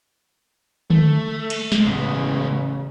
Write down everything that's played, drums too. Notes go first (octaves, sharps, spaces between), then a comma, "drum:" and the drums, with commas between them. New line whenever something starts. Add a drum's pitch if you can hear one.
A3, drum: tom D3
drum: cymbal
drum: snare
A1 C#3 G#3 B3